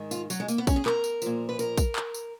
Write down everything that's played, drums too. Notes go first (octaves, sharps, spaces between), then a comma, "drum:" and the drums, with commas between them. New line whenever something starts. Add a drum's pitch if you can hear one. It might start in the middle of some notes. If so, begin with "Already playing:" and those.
Already playing: G#2 D#3
F4, drum: tambourine
F#3, drum: tambourine
G#3
A#3, drum: tambourine
B3
C#4, drum: kick, tambourine
G#4
A#4, drum: clap
drum: tambourine
A#2 F3, drum: tambourine
B4
A#4, drum: tambourine
drum: kick, tambourine
drum: clap
drum: tambourine